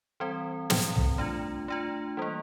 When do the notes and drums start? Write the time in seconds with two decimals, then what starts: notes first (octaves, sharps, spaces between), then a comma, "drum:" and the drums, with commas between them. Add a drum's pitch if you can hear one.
0.20 E3 G3 C4
0.70 E3 G3 C4, drum: snare
0.95 drum: tom
1.18 A3 D4 F4
1.68 A3 D4 F4
2.17 E3 G3 A#3